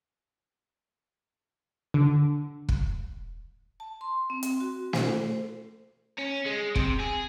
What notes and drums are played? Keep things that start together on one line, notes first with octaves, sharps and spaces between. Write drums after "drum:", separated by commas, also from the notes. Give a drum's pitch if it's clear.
D3
drum: kick
A5
C6
C4
drum: hi-hat
F#4
C5, drum: snare
C#4
G#3
C3, drum: kick
G#4